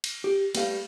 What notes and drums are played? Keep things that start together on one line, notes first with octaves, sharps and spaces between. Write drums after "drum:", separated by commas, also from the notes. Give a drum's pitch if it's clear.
drum: cymbal
G4
G3 A3 B4 F5, drum: cymbal